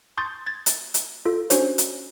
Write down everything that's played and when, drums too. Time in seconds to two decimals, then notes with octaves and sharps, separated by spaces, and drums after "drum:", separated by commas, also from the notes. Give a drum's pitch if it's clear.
0.17 A5 C6 C#6 D#6 G6 A6
0.46 G#6 A6
0.66 drum: hi-hat
0.94 drum: hi-hat
1.25 F4 A4
1.50 C#4 D4 F#4 C5 C#5, drum: hi-hat
1.78 drum: hi-hat